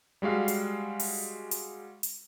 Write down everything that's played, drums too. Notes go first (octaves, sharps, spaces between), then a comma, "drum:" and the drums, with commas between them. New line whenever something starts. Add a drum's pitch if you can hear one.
G3 G#3 F#4 F5
drum: hi-hat
drum: open hi-hat
drum: hi-hat
drum: hi-hat